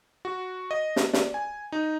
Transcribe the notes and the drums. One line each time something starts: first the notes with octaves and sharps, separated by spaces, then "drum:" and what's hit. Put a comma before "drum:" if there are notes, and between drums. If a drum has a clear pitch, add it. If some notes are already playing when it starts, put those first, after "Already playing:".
F#4
D#5
drum: snare
D5, drum: snare
G#5
D#4